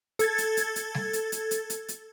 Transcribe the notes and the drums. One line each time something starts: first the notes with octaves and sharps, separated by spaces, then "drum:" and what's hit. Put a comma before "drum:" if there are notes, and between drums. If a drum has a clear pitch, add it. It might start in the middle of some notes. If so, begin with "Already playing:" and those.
A4 G#6 A6, drum: hi-hat
drum: hi-hat
drum: hi-hat
drum: hi-hat
drum: snare G3
drum: hi-hat
drum: hi-hat
drum: hi-hat
drum: hi-hat
drum: hi-hat